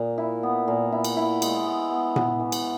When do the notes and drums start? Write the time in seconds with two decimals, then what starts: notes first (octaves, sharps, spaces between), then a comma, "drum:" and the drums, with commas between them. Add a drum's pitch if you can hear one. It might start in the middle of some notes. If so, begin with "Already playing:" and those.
Already playing: A#2
0.18 E4
0.43 B3
0.68 A#2
0.92 E4
1.04 drum: cymbal
1.17 E4
1.42 G#3, drum: cymbal
1.66 B3
1.91 B3
2.16 B3, drum: tom A#2
2.40 E3
2.52 drum: cymbal